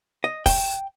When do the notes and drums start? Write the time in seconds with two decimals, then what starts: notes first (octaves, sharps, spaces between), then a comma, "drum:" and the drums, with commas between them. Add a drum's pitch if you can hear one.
0.24 D#5
0.46 G5, drum: kick, open hi-hat